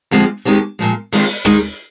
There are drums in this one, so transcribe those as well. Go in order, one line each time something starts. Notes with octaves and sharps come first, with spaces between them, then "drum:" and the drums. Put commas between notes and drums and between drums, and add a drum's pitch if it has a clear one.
F2 D3 F3 G#3 C4
D#2 D#3 G#3 C4 G4
A#2 F3 G#3
D#2 D#3 G#3 C4 F4, drum: open hi-hat
D#3 G#3 D#4, drum: rim click